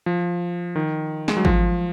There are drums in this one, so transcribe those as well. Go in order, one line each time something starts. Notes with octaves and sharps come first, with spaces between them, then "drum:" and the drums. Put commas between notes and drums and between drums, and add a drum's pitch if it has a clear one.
F3
D#3
G#3, drum: snare
F#3
F3, drum: kick G#1